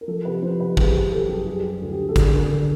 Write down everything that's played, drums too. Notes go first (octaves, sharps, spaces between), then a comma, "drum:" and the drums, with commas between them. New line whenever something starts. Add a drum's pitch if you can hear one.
A#4
F3 A4
C3 B4
F3 C5
C3 B4
G3 G#4, drum: kick
G3 G4
G3 A4
F#2 G4
G3 G#4
G3
D2
G4
D2
A4
D3 G#4, drum: kick, hi-hat
D3 A#4
D3 A4